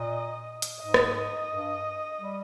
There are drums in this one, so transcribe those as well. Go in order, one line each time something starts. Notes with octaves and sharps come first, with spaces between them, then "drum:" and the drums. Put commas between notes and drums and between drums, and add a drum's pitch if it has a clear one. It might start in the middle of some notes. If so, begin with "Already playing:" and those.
Already playing: A#2 D#5
drum: hi-hat
G#2 D#5
drum: rim click
G2
G3